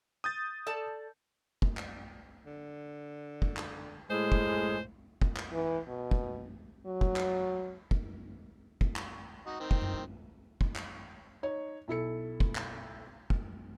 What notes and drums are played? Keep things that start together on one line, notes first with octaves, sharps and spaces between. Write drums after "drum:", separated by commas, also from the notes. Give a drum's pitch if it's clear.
D#6 G6 A6
A4 D5 A5
drum: kick
drum: clap
D3
drum: kick
drum: clap
A2 G#3 G#4 C5
drum: kick
drum: kick
drum: clap
E3
B2
drum: kick
F#3
drum: kick
drum: clap
drum: kick
drum: kick
drum: clap
D#4 F#4
D#3 C4
drum: kick
F#2 B3
F#3 E4
drum: kick
drum: clap
D#4 C#5
B1 E4 A4 C#7
drum: kick
drum: clap
drum: kick